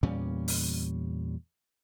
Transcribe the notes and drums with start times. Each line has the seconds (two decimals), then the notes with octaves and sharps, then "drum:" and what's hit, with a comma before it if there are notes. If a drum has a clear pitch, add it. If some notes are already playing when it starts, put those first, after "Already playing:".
0.03 E2 A#2 G3 C#4
0.48 drum: open hi-hat